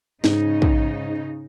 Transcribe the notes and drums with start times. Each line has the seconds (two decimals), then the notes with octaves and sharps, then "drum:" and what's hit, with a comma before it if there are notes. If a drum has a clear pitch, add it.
0.24 G#2 C#3 D#4, drum: snare
0.62 drum: kick